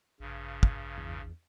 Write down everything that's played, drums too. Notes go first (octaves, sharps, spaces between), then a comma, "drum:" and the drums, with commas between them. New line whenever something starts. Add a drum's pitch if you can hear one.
A1 G2 C#3
drum: kick
E2